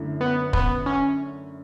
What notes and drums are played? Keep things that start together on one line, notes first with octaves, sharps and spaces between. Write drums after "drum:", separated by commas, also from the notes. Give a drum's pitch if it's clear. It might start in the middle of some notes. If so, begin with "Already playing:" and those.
Already playing: F#2 D3 A3 E4
B3
B3, drum: kick
C#4